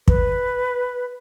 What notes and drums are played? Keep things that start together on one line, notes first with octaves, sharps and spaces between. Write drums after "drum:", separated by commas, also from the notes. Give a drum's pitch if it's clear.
B4, drum: kick